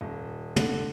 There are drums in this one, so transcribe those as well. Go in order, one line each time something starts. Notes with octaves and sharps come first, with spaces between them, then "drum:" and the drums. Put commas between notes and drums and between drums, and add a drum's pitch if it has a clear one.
D#1
D3, drum: tom